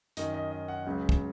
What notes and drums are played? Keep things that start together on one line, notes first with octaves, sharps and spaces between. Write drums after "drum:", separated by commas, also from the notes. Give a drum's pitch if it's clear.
F#2 D#3 F#3 D#5, drum: hi-hat
D#5
D#5
F#5
C#2 C#3 F#3
drum: kick